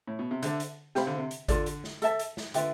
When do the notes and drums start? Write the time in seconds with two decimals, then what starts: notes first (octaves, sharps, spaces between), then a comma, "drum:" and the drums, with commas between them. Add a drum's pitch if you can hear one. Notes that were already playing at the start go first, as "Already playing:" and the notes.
0.07 A2
0.19 B2
0.31 C3
0.43 D3 D4 A4 C5 E5, drum: hi-hat
0.60 drum: hi-hat
0.95 C3 G4 C5 F5 B5, drum: snare
1.07 D3
1.18 C3
1.31 drum: hi-hat
1.48 D3 F4 A4 D5, drum: kick G#1, hi-hat
1.66 drum: hi-hat
1.84 drum: snare
2.02 A4 E5 A5, drum: hi-hat
2.19 drum: hi-hat
2.37 drum: snare
2.54 D3 F4 B4 E5 G5, drum: hi-hat